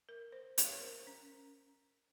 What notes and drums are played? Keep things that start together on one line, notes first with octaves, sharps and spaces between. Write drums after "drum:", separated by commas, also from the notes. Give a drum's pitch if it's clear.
A#4
C5
C#5, drum: hi-hat
A#4
C5
C#4